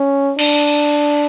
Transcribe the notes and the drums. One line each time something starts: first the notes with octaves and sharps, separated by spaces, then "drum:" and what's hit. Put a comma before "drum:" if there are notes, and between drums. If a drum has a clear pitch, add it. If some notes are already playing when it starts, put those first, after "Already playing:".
Already playing: C#4
D4, drum: cymbal